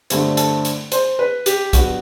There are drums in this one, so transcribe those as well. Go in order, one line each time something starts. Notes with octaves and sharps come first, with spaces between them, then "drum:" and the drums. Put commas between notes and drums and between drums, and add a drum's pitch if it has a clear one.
G2 D3 A3 C4, drum: hi-hat
A4, drum: hi-hat
drum: hi-hat
C5, drum: hi-hat
B4
G4, drum: hi-hat
G2 F#3 B3 F#4, drum: kick, hi-hat